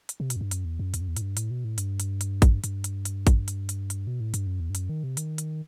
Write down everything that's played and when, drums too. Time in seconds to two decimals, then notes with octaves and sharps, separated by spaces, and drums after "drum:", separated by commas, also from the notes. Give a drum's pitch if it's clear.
0.09 drum: hi-hat
0.20 C3
0.30 B2, drum: hi-hat
0.36 F#2
0.41 G2
0.51 F#2, drum: hi-hat
0.65 E2
0.79 F#2
0.94 E2, drum: hi-hat
1.01 F#2
1.08 E2
1.17 A2, drum: hi-hat
1.21 G2
1.37 A2, drum: hi-hat
1.51 B2
1.64 A2
1.78 G2, drum: hi-hat
2.00 drum: hi-hat
2.21 drum: hi-hat
2.42 drum: kick A1, hi-hat
2.64 G2, drum: hi-hat
2.84 drum: hi-hat
3.05 drum: hi-hat
3.27 drum: kick A1, hi-hat
3.48 drum: hi-hat
3.69 drum: hi-hat
3.90 drum: hi-hat
4.07 B2
4.20 A2
4.34 G2, drum: hi-hat
4.47 F#2
4.60 E2
4.70 G2
4.75 F#2, drum: hi-hat
4.89 D#3
5.04 C3
5.17 D#3, drum: hi-hat
5.38 drum: hi-hat